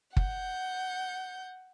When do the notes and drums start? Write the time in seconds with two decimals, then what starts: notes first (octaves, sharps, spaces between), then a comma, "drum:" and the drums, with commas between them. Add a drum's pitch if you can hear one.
0.17 F#5 G6, drum: kick